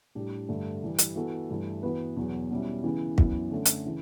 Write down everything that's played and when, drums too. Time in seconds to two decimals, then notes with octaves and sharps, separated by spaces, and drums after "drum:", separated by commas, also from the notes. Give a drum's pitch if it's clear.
0.15 A2 G3 D4 G4
0.48 G2 D3 A3
0.83 G2 E3 G3
0.98 drum: hi-hat
1.16 E3 B3 F#4 A4
1.50 G2 E3 A3
1.83 E3 B3 F#4 B4
2.16 E2 B2 F#3 B3
2.51 B2 G3 C#4 E4
2.84 C#3 E3 B3 E4
3.18 F#2 E3 B3, drum: kick
3.51 D3 A3 C#4
3.65 drum: hi-hat
3.85 C#3 E3